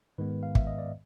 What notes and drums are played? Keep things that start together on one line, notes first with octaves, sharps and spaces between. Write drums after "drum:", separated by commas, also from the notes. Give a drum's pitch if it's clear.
G#2 D#3 G#3 B3 B4
F5
E5, drum: kick
D#5
D5